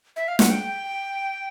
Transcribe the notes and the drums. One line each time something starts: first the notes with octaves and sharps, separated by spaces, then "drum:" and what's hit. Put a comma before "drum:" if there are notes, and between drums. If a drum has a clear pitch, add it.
E5
F5
F#5, drum: snare
G5